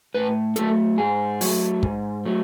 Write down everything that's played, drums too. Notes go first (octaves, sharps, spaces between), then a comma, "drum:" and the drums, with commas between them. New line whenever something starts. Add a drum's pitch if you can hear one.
A2 B4
F#3 A3 A4, drum: hi-hat
G#2 G#4
F#3 A3, drum: open hi-hat
G#2, drum: kick
F#3 A3